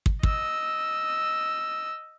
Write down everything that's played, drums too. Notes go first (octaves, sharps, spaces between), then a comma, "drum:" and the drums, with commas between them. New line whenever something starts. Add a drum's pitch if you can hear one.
drum: kick
D#5 E6, drum: kick